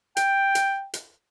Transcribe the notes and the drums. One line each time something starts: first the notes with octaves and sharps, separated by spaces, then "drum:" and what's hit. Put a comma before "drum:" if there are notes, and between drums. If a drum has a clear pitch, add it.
G5, drum: hi-hat
drum: hi-hat
drum: hi-hat